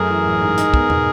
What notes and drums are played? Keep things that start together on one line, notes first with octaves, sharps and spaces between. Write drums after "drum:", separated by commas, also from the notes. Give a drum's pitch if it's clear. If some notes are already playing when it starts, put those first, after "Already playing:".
Already playing: F#2 A3 G#4 A#4
E3
A1
G#2
D#4, drum: hi-hat
B3, drum: kick
B2, drum: tom